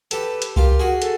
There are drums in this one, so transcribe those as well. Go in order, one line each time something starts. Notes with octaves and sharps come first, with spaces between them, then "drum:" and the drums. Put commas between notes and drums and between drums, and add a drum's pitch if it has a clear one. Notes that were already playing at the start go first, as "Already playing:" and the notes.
G4 A4 B4, drum: hi-hat
drum: hi-hat
F4 G4 A#4, drum: kick C2
F#4 G#4
A4, drum: hi-hat